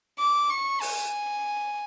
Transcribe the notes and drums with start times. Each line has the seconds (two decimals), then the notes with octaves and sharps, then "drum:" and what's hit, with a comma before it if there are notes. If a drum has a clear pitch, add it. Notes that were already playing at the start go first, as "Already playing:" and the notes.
0.19 D6
0.50 C#6
0.81 G#5, drum: open hi-hat